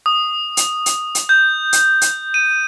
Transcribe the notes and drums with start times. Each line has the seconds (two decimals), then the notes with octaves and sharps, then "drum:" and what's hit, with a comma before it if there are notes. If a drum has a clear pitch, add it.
0.06 D#6
0.57 drum: hi-hat
0.86 drum: hi-hat
1.15 drum: hi-hat
1.29 G6
1.73 drum: hi-hat
2.01 drum: hi-hat
2.34 D#7